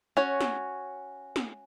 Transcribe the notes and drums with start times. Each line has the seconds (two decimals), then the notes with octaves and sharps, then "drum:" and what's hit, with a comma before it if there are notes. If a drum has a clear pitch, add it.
0.17 C#4 F#4 C#5
0.41 drum: snare
1.36 drum: snare